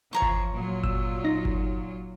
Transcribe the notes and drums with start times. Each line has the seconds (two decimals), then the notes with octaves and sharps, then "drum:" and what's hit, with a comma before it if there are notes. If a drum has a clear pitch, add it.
0.13 E3 F3 C#5 A#5 C#6
0.22 drum: kick G1
0.54 A#2 F#3 F4
0.84 E6, drum: kick G1
1.24 D#4 A#6
1.45 drum: kick G1